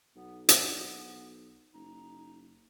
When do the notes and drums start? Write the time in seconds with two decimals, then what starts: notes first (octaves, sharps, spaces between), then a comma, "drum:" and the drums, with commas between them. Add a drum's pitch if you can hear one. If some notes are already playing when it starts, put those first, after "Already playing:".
0.15 B1 B3
0.49 B3, drum: hi-hat
1.74 F#1 D#4